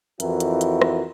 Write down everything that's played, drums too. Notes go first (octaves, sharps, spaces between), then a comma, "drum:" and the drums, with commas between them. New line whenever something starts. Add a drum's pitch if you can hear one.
F2 E3 E4 F#4 A#4, drum: hi-hat
drum: hi-hat
drum: hi-hat
drum: rim click